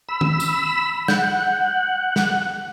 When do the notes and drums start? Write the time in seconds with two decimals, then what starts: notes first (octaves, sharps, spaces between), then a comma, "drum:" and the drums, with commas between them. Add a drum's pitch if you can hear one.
0.09 B5 E6
0.21 drum: tom
0.40 drum: tambourine
1.08 F#5 G6, drum: snare
2.16 drum: snare